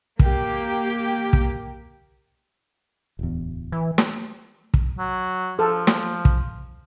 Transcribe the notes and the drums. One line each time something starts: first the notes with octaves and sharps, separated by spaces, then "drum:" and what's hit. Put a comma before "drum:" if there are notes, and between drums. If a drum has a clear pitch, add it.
A#3 G4, drum: kick
drum: kick
D1 E2
E3
drum: snare
drum: kick
F#3
F3 A4
drum: snare
drum: kick